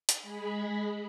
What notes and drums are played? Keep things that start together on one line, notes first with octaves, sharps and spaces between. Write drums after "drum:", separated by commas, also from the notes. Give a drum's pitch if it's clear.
drum: hi-hat
G#3 G#4 B5